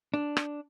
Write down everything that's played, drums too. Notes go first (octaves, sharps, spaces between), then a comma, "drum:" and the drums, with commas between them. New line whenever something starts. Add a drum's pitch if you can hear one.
D4
drum: rim click